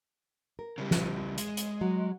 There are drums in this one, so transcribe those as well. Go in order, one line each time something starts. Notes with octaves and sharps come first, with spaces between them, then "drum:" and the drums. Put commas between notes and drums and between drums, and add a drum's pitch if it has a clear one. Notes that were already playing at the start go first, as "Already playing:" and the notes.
A#4
C#3 G3
drum: snare
G#3, drum: hi-hat
drum: hi-hat
F#3